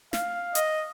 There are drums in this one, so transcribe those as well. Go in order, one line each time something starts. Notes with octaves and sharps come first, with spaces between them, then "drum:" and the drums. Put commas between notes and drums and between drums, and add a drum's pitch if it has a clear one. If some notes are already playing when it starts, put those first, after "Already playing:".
F5, drum: snare
D#5, drum: hi-hat